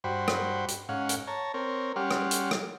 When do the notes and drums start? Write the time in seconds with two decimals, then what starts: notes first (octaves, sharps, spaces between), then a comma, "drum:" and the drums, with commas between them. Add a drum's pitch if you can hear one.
0.04 G2 F#4 C5 G5 B5
0.28 drum: rim click
0.68 drum: hi-hat
0.89 G#2 C#4 F5 F#5
1.09 drum: hi-hat
1.27 C#5 A5 A#5
1.54 C4 A#4 C#5
1.96 G3 C#4 G4 F#5 C6 F6
2.11 drum: rim click
2.31 drum: hi-hat
2.51 drum: rim click